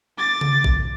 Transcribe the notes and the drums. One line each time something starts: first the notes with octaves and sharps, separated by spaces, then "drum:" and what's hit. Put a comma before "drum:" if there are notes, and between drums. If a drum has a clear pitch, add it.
D6 A6
drum: tom C#3
drum: kick